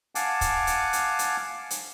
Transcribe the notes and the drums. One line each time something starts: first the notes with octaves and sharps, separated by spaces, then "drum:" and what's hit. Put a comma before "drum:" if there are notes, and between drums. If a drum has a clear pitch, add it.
F5 F#5 G#5 A5 D6, drum: hi-hat
drum: kick, hi-hat
drum: hi-hat
drum: hi-hat
drum: hi-hat
drum: hi-hat